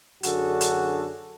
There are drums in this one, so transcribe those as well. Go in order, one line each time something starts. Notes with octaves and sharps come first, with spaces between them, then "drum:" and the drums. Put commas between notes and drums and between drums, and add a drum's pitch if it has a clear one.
F#2 D3 D4 F#4 G#4 A4, drum: hi-hat
drum: hi-hat